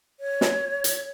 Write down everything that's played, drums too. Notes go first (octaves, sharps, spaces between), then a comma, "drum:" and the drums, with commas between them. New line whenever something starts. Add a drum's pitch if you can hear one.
C#5
drum: snare
drum: hi-hat